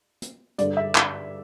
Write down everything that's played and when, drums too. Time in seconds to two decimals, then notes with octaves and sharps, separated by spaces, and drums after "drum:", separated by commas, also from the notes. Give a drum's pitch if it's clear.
0.22 drum: hi-hat
0.58 G2 D3 D5, drum: hi-hat
0.77 E5
0.95 drum: clap